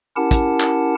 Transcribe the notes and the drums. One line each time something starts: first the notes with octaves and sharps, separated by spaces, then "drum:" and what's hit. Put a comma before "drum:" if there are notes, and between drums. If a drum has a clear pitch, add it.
C#4 E4 G4 A#4 F#5 A5
drum: kick, hi-hat
drum: clap